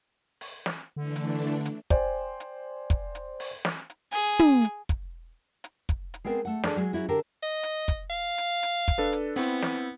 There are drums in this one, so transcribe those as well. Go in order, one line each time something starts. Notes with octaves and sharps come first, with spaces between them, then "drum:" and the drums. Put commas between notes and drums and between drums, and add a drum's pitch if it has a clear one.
drum: open hi-hat
drum: snare
D3 E3 A3 D4
drum: hi-hat
drum: hi-hat
C5 D5 G5 G#5, drum: kick, hi-hat
drum: hi-hat
drum: kick, hi-hat
drum: hi-hat
drum: open hi-hat
drum: snare
drum: hi-hat
G#4, drum: hi-hat
drum: tom
drum: hi-hat
drum: kick, hi-hat
drum: hi-hat
drum: kick, hi-hat
drum: hi-hat
G#3 B3 C4 A#4
A3 F#5
D4 G#4 A4, drum: snare
F#3 G#3
F#3 C#4 E4 F#4
D3 D4 G4 A4 A#4
D#5
drum: hi-hat
drum: kick, hi-hat
F5
drum: hi-hat
drum: hi-hat
drum: kick, hi-hat
D4 A4 B4
drum: hi-hat
B3 C4 E4, drum: open hi-hat
drum: snare